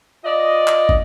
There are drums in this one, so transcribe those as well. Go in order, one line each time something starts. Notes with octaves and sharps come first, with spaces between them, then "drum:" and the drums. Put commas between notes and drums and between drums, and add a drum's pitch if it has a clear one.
F4 D5 D#5
drum: clap
drum: kick